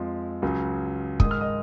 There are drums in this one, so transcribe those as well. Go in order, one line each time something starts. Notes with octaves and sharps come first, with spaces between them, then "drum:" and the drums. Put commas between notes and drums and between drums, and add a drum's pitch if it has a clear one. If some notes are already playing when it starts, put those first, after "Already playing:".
Already playing: F2 F3 G#3
C#2 C#3 F#3
G#2 D#3 G#3 D#6, drum: kick
F6
D#5 D#6